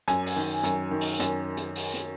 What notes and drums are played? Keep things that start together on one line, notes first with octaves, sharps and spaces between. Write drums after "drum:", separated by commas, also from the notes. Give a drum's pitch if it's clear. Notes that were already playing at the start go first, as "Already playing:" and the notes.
F#2 G#5, drum: hi-hat
drum: open hi-hat
D#3
F#2, drum: hi-hat
D#3
drum: open hi-hat
F#2, drum: hi-hat
drum: hi-hat
drum: open hi-hat
drum: hi-hat